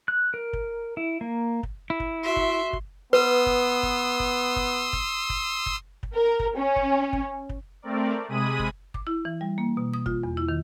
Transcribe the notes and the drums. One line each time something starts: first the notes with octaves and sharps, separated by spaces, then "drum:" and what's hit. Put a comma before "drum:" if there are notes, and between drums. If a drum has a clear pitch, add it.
F#6
A#4
drum: kick
E4
A#3
drum: kick
E4
drum: kick
F#4 E5 C6
drum: kick
drum: kick
B3 B4 C6 D#6 E6
drum: kick
drum: kick
drum: kick
drum: kick
drum: kick
drum: kick
drum: kick
drum: kick
A#4
drum: kick
C#4
drum: kick
drum: kick
drum: kick
A3 C4 A#4 D5
C3 G#3 G#5 B5 D#6 D#7
drum: kick
D6, drum: kick
E4
E3
G3
A#3
B2
D#6
F4, drum: kick
E2
E4
D#3